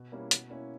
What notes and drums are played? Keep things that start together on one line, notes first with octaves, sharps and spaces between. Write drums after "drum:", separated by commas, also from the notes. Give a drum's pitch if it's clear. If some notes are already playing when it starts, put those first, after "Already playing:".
Already playing: B2
G3 A#3 C#4 E4
B2, drum: hi-hat
A#3 C#4 E4